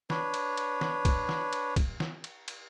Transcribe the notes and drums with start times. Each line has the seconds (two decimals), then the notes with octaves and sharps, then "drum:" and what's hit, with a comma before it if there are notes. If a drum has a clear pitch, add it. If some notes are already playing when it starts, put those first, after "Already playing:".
0.10 D4 B4 C#5, drum: snare
0.34 drum: cymbal
0.57 drum: cymbal
0.81 drum: snare
1.05 drum: kick, cymbal
1.29 drum: snare
1.53 drum: cymbal
1.76 drum: kick, cymbal
2.00 drum: snare
2.24 drum: cymbal
2.48 drum: cymbal